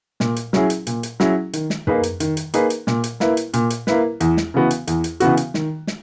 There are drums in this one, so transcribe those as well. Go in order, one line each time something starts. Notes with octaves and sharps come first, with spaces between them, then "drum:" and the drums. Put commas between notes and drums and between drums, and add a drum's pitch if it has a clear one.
A#2, drum: snare
drum: hi-hat
F#3 C#4 E4 G#4, drum: snare
drum: hi-hat
A#2, drum: hi-hat
drum: hi-hat
F#3 C#4 E4 G#4, drum: snare
D#3, drum: hi-hat
drum: snare
A#3 D#4 G#4 B4, drum: tom
drum: hi-hat
D#3, drum: hi-hat
drum: hi-hat
A#3 D#4 G#4 B4, drum: hi-hat
drum: hi-hat
A#2, drum: snare
drum: hi-hat
A#3 E4 B4, drum: snare
drum: hi-hat
A#2, drum: hi-hat
drum: hi-hat
A#3 E4 B4, drum: snare
E2, drum: hi-hat
drum: snare
C#3 E3 B3 F#4
drum: hi-hat
E2, drum: hi-hat
drum: hi-hat
C#3 E3 B3 F#4, drum: hi-hat
drum: hi-hat
D#3, drum: snare
drum: snare